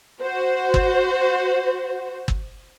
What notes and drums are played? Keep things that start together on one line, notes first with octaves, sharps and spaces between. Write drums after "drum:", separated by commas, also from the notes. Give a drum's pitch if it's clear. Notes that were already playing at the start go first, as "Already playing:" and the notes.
F#4 C5
drum: kick G1
drum: kick G1